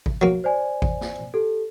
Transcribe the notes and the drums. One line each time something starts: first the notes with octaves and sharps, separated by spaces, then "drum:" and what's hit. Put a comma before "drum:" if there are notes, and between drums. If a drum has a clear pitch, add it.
drum: kick G#1
F#3 A#3
C5 D5 G#5
drum: kick G#1
drum: snare
G4 A4